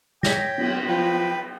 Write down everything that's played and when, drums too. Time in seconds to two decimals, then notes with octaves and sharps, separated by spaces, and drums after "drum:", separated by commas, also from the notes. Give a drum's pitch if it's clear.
0.23 C#5 G5 A#6 B6, drum: snare
0.58 drum: cymbal
0.88 F3 B4 G5